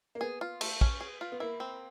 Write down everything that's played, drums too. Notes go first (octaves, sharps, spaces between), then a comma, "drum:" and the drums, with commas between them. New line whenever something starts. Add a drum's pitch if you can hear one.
A#3
B3 G#4
F4
A3, drum: cymbal
C#4, drum: kick
G#4
F4
B3
A#3 E4
C4